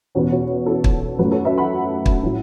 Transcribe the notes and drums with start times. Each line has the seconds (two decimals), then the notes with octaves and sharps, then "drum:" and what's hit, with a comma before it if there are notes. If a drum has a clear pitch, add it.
0.15 E2 B2 B3 C#4 F#4
0.32 C#4 F#4
0.66 E4 A4
0.84 drum: kick
1.19 F#2 F#3 A3 F#4 B4
1.31 A4 C#5
1.45 B4 E5
1.58 F#5 B5
2.06 drum: kick
2.23 A2 F#3